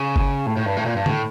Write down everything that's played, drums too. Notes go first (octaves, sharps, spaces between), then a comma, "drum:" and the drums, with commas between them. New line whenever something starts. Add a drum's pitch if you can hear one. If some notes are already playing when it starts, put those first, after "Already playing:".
Already playing: C#3
drum: kick G1
A2
A2
G2
A2
A#2
G2
A2, drum: tom